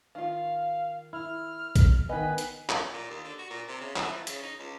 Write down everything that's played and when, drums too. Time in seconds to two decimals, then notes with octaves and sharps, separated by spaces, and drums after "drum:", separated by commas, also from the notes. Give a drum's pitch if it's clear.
0.15 D#3 F4 F5
1.13 E4 F6
1.76 drum: kick A#1, hi-hat
2.09 D#3 B3 B4 D#5 G#5
2.38 drum: hi-hat
2.69 drum: clap
2.93 A#2
3.10 D#2
3.25 D3
3.39 F#4
3.50 A#2
3.68 C3
3.81 C#3
3.96 E3, drum: clap
4.13 F3
4.27 C#3, drum: hi-hat
4.43 D#4
4.59 C#2